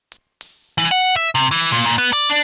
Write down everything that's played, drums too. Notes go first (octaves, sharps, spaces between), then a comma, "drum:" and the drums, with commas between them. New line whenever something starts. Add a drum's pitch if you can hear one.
drum: hi-hat
drum: open hi-hat
E3
F#5
E5
C3
E3
A#2
A#2, drum: hi-hat
B3
D5, drum: open hi-hat
D4